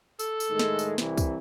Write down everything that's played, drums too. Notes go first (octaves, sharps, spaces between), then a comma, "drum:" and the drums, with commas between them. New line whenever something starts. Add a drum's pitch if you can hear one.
A4, drum: tambourine
drum: tambourine
A2 D#3 G#3
drum: snare
drum: tambourine
C2 C3 E3, drum: snare
drum: kick, tambourine